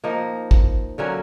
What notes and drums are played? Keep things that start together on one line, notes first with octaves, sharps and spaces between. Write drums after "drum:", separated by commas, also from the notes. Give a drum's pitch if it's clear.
F3 A#3 D#4
drum: kick
D3 F#3 A#3 C#4